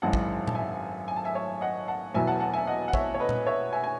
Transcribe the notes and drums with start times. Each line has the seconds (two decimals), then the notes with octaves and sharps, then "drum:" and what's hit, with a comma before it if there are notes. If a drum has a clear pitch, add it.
0.02 G#1 F#2 E3 G#3 F#5 A5
0.13 drum: kick
0.48 A5, drum: tom A#2
0.55 E5 G#5
1.08 G#5
1.16 A5
1.25 E5 G#5
1.35 C#5 E5
1.61 D#5 F#5
1.88 F#5 A5
2.14 E1 E2 B2 F#3 B3 E5 G#5
2.27 F#5 A5
2.40 F#5 A5
2.54 E5 G#5
2.67 D#5 F#5
2.88 F#5
2.93 C#5 E5, drum: kick
3.14 C#5
3.20 B4 D#5
3.29 drum: tom A#2
3.47 C#5 E5
3.73 E5 G#5
3.84 G#5